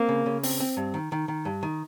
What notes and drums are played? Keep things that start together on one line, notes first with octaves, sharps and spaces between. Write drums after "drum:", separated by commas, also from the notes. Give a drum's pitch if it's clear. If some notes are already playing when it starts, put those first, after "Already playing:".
Already playing: A#3 C4
C#3
C#3
C4, drum: open hi-hat
C4
G2
D#3
D#3
D#3
G2
D#3